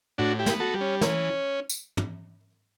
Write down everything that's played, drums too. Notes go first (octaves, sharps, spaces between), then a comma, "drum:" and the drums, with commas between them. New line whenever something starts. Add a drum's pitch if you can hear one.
A2 D4 F#4
E4 G4
B3, drum: snare
F#4 A4
G3
C#4
E3 C#4, drum: snare
drum: tambourine
drum: tom